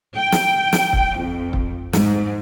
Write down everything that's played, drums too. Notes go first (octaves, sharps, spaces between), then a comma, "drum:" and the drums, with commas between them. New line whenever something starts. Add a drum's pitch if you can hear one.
G5
drum: snare
drum: snare
drum: kick
F2
drum: kick
G#2, drum: snare